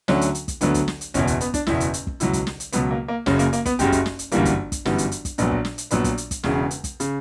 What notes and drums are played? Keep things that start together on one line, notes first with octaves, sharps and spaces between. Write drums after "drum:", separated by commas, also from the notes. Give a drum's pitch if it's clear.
D2 D3 F#3 C#4, drum: snare
drum: hi-hat
drum: hi-hat
drum: kick, hi-hat
D2 D3 F#3 B3, drum: hi-hat
drum: kick, hi-hat
drum: snare
drum: hi-hat
F#1 E2 B2 C#4, drum: hi-hat
drum: kick, hi-hat
B3, drum: hi-hat
D4, drum: kick, hi-hat
F#1 E2 B2 E4, drum: snare
drum: hi-hat
drum: hi-hat
drum: kick
C#2 B2 F#3 E4, drum: hi-hat
drum: kick, hi-hat
drum: snare
drum: hi-hat
C#2 B2 F#3 B3, drum: hi-hat
A#3
A#3
F#1 F#2 C#3 C#4, drum: snare
A#3, drum: hi-hat
A#3, drum: hi-hat
B3, drum: kick, hi-hat
F#1 F#2 C#3 G4, drum: hi-hat
drum: kick, hi-hat
drum: snare
drum: hi-hat
G1 F#2 E3 G3 A#3, drum: hi-hat
drum: kick, hi-hat
drum: kick, hi-hat
G1 F#2 E3 G3 B3, drum: snare
drum: hi-hat
drum: hi-hat
drum: kick, hi-hat
A#1 A#2 F#3 B3, drum: hi-hat
drum: kick
drum: snare
drum: hi-hat
A#1 A#2 F#3 B3, drum: hi-hat
drum: kick, hi-hat
drum: hi-hat
drum: kick, hi-hat
E1 E2 C#3, drum: snare
drum: hi-hat
drum: kick, hi-hat
C#3, drum: hi-hat